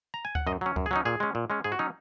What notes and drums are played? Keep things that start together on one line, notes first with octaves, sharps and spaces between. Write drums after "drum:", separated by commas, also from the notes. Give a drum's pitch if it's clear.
A#5
G#5
F#5, drum: kick D2
F#2 D#5
F#3 C#4
F#2, drum: kick D2
G#4
F#3 C#4 D#4
A#2 G#4
G#3 C#4
A#2
G#3 C#4
G#2 G#4
F#4
F#3 C#4 D#4